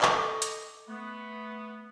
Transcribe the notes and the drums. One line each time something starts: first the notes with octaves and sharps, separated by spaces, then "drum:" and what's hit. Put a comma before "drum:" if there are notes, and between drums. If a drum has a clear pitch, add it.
A4 D#5 C#6 D6, drum: clap
drum: hi-hat
A3 B3